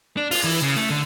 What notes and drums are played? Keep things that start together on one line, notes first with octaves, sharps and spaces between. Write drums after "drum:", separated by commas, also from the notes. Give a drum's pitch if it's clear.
D4
F4, drum: open hi-hat
E3
C#3
A3
D3